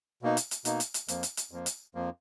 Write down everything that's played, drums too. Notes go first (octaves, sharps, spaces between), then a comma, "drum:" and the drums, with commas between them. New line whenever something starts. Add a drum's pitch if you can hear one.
B2 A#3 D#4
drum: hi-hat
drum: hi-hat
B2 A#3 D#4, drum: hi-hat
drum: hi-hat
drum: hi-hat
F2 F3 A#3, drum: hi-hat
drum: hi-hat
drum: hi-hat
F2 F3 A#3
drum: hi-hat
F2 F3 A#3